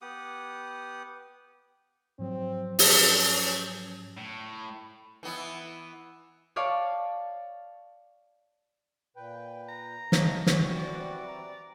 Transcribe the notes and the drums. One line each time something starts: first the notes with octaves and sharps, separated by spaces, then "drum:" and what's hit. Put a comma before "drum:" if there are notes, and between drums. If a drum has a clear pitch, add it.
B3 G4 F#5 D#6
G#2 F3 F#3 C4
C#4, drum: open hi-hat
A2
E3 B3 E4
C#5 D5 F5 A5
A#2 B4 G5
A#5
A2 D#5 F5 A5, drum: snare
E3 G3 C4 F#4, drum: snare
D5
A#5